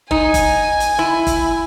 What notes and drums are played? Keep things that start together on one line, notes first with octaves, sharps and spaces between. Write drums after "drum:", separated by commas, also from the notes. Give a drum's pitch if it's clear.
D#4 G#5, drum: kick
drum: kick, hi-hat
drum: hi-hat
E4
drum: kick, hi-hat